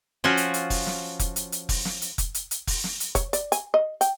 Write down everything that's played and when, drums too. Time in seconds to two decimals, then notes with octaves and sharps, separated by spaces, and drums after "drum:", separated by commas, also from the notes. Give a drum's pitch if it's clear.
0.24 F3 C#4 F4 F#4
0.37 drum: hi-hat
0.54 drum: hi-hat
0.70 drum: kick F1, open hi-hat
0.87 drum: snare
1.19 drum: kick F1, hi-hat
1.36 drum: hi-hat
1.52 drum: hi-hat
1.69 drum: kick F1, open hi-hat
1.85 drum: snare
2.02 drum: hi-hat
2.18 drum: kick F1, hi-hat
2.34 drum: hi-hat
2.51 drum: hi-hat
2.67 drum: kick F1, open hi-hat
2.84 drum: snare
3.00 drum: hi-hat
3.15 C#5, drum: kick F1, hi-hat
3.33 D5, drum: hi-hat
3.52 G#5, drum: hi-hat
3.74 D#5
4.01 G5, drum: hi-hat